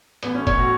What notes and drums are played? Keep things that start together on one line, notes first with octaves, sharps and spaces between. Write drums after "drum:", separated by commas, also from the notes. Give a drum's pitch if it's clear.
A1 B3, drum: hi-hat
C#4
A3
C#5, drum: kick F1, hi-hat
A2 F#4